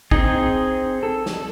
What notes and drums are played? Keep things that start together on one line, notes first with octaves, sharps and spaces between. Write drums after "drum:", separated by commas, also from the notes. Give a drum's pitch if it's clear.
C4 D#4 G#4, drum: kick
A4
drum: snare